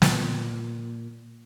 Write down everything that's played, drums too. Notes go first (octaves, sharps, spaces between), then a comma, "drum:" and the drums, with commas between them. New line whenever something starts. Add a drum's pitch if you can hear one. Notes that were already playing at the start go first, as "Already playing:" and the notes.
A#2, drum: snare